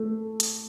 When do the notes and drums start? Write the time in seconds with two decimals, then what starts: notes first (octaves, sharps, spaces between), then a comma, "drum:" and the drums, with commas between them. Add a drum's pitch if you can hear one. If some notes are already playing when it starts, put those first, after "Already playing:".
Already playing: A3
0.40 drum: hi-hat